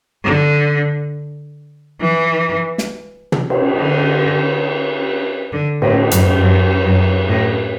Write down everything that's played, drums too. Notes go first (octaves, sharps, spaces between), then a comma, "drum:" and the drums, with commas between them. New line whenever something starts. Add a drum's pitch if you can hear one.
D3
E3
drum: snare
drum: tom
drum: cymbal
D3
D3
A2, drum: cymbal
F#2, drum: hi-hat
F#2
F#2
A2